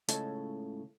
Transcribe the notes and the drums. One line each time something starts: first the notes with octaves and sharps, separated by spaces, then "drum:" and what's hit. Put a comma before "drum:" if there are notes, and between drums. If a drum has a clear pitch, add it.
C#2 A2 C#3 A4 C#5 D#5, drum: hi-hat